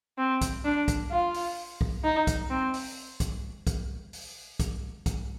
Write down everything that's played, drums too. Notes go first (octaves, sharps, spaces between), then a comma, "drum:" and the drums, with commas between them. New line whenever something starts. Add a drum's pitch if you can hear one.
C4
drum: kick, hi-hat
D4
drum: kick, hi-hat
F4
drum: open hi-hat
drum: kick
D#4
drum: kick, hi-hat
C4
drum: open hi-hat
drum: kick, hi-hat
drum: kick, hi-hat
drum: open hi-hat
drum: kick, hi-hat
drum: kick, hi-hat